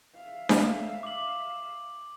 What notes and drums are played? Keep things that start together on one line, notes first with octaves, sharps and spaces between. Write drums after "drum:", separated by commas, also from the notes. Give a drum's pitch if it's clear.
E5 F5
drum: snare D4
D6 F#7